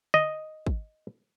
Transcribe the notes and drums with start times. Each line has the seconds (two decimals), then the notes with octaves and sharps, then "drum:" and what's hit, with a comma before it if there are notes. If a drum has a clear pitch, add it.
0.14 D#5, drum: tom D3
0.66 drum: kick